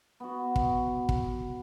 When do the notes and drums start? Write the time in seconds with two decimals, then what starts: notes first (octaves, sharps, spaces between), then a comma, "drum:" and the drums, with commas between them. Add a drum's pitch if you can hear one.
0.20 B3 F#4
0.56 drum: kick
1.09 drum: kick